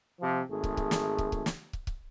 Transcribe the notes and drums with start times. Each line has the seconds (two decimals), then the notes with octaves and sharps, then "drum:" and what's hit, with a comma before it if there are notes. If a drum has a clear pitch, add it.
0.20 C3 F3
0.50 G#1 A3 G#4
0.64 drum: kick
0.77 drum: kick
0.91 drum: snare
1.18 drum: kick
1.32 drum: kick
1.46 drum: snare
1.73 drum: kick
1.87 drum: kick